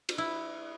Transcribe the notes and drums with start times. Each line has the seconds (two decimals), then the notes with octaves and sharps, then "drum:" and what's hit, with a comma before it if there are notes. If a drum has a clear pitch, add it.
0.09 drum: cymbal
0.18 E4